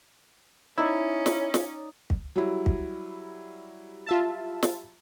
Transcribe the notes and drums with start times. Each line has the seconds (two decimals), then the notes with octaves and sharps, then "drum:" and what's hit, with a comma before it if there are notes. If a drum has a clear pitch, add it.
0.78 C#4 D#4 E4 D5
1.26 drum: snare
1.54 drum: snare
2.10 drum: kick
2.36 F#3 G3 E4
2.66 drum: kick
4.06 F4 E5 A5
4.63 drum: snare